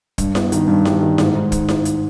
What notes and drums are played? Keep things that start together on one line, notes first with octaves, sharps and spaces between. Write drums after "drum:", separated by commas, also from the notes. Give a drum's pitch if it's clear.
G2, drum: kick, hi-hat
B3, drum: snare E4
D#3, drum: hi-hat
G2
G3, drum: snare E4
D#3
G#2, drum: snare E4
G#2
drum: kick, hi-hat
drum: snare E4
drum: hi-hat